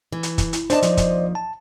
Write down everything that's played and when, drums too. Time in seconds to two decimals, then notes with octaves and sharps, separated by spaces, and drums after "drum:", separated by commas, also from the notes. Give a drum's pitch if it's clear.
0.12 E3
0.23 drum: hi-hat
0.38 drum: kick, hi-hat
0.53 drum: hi-hat
0.70 D4 C5 D5 D#5 A5, drum: hi-hat
0.83 D#2 F3, drum: hi-hat
0.97 drum: kick, hi-hat
1.35 A5